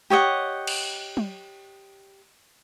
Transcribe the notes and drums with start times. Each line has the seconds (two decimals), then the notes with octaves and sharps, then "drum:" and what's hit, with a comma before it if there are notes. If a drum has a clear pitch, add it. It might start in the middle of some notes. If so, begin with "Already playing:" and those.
0.10 G4 C#5 D#5 F#5
0.67 drum: cymbal
1.17 drum: tom